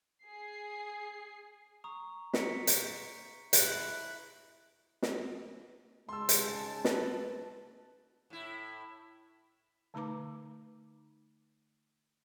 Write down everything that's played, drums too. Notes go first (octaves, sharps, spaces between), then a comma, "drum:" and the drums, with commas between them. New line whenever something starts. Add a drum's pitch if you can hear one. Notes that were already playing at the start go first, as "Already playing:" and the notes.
G#4 C7
A#5 C#6 D#6
B6 C#7 D7, drum: snare
drum: hi-hat
E4 F#6, drum: hi-hat
drum: snare
G#2 C#3 G#3 A5 C6 E6
drum: hi-hat
B4, drum: snare
A2 E4
D3 A3 D#4 B4 A#5 D6